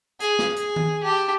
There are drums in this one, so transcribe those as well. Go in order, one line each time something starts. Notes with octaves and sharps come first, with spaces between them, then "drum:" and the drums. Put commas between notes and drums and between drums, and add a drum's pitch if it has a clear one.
G#4, drum: hi-hat
drum: snare
G#4, drum: hi-hat
drum: tom D#3
G4 A5